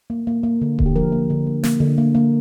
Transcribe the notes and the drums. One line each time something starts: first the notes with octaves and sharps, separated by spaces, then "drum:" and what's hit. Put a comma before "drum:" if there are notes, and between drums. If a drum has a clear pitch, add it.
A#3
A#3
A#3
D3
D3, drum: kick D#1
G4
F3 A#4
A#3
D3
A#3
A#3, drum: snare
D3
A#3
A#3